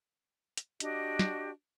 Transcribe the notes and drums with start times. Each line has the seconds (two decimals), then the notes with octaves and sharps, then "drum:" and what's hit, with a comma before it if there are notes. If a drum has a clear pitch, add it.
0.57 drum: hi-hat
0.80 D4 F#4 G4 D#5, drum: hi-hat
1.19 drum: snare